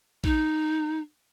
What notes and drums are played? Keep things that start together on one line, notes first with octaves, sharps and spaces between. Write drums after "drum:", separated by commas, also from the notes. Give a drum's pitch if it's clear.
D#4, drum: kick